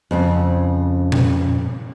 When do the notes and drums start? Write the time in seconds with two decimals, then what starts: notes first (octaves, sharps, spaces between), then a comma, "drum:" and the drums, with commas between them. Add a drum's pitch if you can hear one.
0.11 F2 C#3 C4
1.12 drum: tom A#2